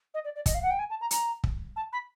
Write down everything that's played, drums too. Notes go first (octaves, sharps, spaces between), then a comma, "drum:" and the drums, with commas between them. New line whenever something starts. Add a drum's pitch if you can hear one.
D#5
D5
D5
D#5, drum: kick, hi-hat
F5
F#5
G5
G#5
A5
A#5
A#5, drum: hi-hat
drum: kick
A5
B5